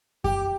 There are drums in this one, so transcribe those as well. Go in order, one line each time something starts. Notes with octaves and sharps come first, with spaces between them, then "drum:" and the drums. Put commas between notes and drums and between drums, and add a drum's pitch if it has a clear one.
G4, drum: kick F#2